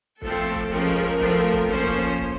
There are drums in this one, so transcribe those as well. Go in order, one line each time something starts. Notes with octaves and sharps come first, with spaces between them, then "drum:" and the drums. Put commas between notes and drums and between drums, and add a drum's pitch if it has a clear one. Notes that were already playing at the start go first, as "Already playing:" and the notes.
F3 A3 C4 A4, drum: kick
drum: kick
F3 G#3 C#4 A#4
drum: kick
F3 A3 C4, drum: kick
drum: kick
F3 A#3 C#4 C5
drum: kick
drum: kick